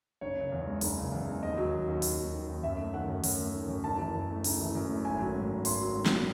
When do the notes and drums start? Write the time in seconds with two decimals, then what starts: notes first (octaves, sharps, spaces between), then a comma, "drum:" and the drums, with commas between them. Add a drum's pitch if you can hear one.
0.21 F#1 C#5
0.37 C#3
0.52 E2
0.67 G#3
0.81 F#1, drum: open hi-hat
0.97 C#3
1.12 E2
1.28 G#3
1.43 D#2 D#5
1.58 F#3
1.73 D#3
1.88 D#2
2.02 D#2, drum: open hi-hat
2.18 F#3
2.33 D#3
2.48 D#2
2.63 F#2 E5
2.78 A3
2.94 D#3 F#5
3.08 F#2
3.24 F#2, drum: open hi-hat
3.39 A3
3.54 D#3
3.68 F#2
3.84 F#1 A5
3.99 E3
4.15 F#2
4.30 A3
4.44 F#1, drum: open hi-hat
4.60 E3
4.75 F#2
4.89 A3
5.05 G#1 G#5
5.21 F#3
5.35 G#2
5.50 G#1
5.65 G#1 C6, drum: open hi-hat
5.80 F#3
5.96 G#2
6.06 drum: snare